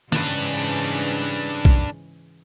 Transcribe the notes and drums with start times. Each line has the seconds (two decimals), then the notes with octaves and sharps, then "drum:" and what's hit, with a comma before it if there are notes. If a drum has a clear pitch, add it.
0.12 G#2 C#3 E3 D4 B4, drum: snare
1.65 drum: kick B1